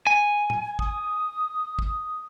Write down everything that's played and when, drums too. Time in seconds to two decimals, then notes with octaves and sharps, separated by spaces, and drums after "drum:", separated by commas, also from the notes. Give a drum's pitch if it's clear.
0.07 G#5
0.50 drum: tom A2
0.79 D#6, drum: kick
1.79 drum: kick